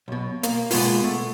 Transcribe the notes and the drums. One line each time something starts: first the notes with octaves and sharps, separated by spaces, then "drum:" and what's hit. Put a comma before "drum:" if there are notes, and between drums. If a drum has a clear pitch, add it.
B1 B2
A#3, drum: hi-hat
B2 G#3 A#3 B3 F4, drum: open hi-hat
A3